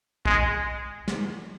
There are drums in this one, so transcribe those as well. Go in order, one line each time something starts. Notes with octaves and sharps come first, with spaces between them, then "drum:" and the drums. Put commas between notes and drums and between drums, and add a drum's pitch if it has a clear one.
G#3, drum: kick
drum: snare